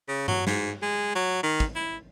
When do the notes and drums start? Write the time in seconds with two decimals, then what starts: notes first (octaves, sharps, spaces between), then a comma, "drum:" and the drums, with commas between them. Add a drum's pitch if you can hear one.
0.08 C#3
0.28 F#3, drum: tom G2
0.47 G#2, drum: snare
0.82 G#3
1.15 F#3
1.43 D#3
1.60 drum: kick
1.75 E4